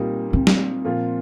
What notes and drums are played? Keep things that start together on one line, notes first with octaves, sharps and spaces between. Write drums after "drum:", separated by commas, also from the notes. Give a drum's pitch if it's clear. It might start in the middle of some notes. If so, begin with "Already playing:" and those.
Already playing: A#2 G3 A#3 C4 D#4 G4
C4
drum: snare
A#2 F3 A#3 F4